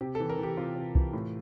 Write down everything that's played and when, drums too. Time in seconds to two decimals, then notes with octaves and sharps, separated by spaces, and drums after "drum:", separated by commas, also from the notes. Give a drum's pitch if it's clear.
0.01 C3 G4
0.15 A4
0.20 E3
0.30 A#4
0.38 E3
0.43 G4
0.57 C3 F4
0.76 C3
0.95 E3, drum: kick
1.13 A2